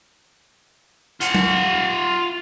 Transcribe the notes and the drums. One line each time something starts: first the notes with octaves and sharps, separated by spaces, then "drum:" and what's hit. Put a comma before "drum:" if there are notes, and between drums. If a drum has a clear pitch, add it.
F4 F#5, drum: hi-hat
drum: tom F#3